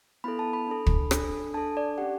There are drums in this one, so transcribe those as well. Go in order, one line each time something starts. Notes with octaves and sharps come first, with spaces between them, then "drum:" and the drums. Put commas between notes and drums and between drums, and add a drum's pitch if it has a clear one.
B3 E4 A4 B5
A5
B5
D4 A4
drum: kick
D4 A4, drum: rim click
D4 A4 A5
D5
C#4 G4 F#5